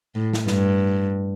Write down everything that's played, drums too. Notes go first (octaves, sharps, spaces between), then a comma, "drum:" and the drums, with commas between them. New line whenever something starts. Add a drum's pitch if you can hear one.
A2
drum: snare
G2, drum: snare